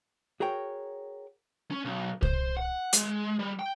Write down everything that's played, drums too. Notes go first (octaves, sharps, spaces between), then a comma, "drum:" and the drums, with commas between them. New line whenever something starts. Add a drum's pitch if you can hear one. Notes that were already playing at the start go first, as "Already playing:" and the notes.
F#4 G#4 A#4 C#5 G5
C#4
B1
C5, drum: kick C2
F#5
G#3, drum: hi-hat
G3
G5